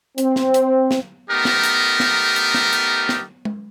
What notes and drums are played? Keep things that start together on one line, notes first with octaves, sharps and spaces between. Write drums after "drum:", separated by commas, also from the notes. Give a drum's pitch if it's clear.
C4, drum: hi-hat
drum: snare
drum: hi-hat
drum: snare
A3 B3 D#4 G4 A#4
drum: snare
drum: hi-hat
drum: snare
drum: hi-hat
drum: snare
drum: hi-hat
drum: snare
drum: tom G#3